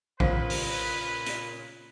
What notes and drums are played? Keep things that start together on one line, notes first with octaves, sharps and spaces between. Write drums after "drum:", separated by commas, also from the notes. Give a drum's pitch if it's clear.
A#2 C#3 B4 C5 F5, drum: kick A#1
drum: open hi-hat
drum: hi-hat